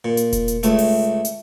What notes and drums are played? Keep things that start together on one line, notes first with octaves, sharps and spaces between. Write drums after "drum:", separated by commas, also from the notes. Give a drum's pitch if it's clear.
A#2
drum: hi-hat
drum: kick E1, hi-hat
drum: hi-hat
C#2 A3, drum: hi-hat
drum: open hi-hat
drum: hi-hat